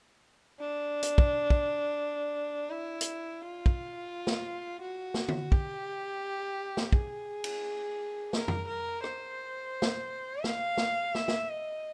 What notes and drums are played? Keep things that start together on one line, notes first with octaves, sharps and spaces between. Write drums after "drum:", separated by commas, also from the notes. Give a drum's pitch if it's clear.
D4
drum: hi-hat
drum: kick
drum: kick
E4
drum: hi-hat
F4
drum: kick
drum: snare
F#4
drum: snare
drum: tom D3
G4, drum: kick
drum: snare
G#4, drum: kick
drum: cymbal
A#4, drum: snare
drum: tom F2
A#4
C5, drum: rim click
drum: snare
F5, drum: snare
drum: snare
E5, drum: snare
drum: snare
D#5